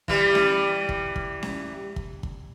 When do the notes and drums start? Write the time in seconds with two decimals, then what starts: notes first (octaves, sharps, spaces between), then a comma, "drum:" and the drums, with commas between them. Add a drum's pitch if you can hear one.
0.08 E3 G3, drum: kick
0.35 drum: snare C#4
0.89 drum: kick
1.16 drum: kick
1.43 drum: snare C#4
1.96 drum: kick
2.23 drum: kick